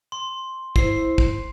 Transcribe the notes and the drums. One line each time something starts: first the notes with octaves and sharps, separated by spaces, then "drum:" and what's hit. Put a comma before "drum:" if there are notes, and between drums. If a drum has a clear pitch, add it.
C6
E4 C5 C7, drum: kick
drum: kick